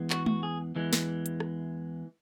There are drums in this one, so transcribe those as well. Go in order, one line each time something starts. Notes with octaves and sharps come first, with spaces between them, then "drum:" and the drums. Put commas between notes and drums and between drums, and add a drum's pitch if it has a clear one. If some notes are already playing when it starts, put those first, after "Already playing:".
Already playing: E2 E3 G#3
F#4, drum: clap
F#4, drum: tom G#3
G#4
E2 E3 G#3
drum: snare
drum: hi-hat
drum: rim click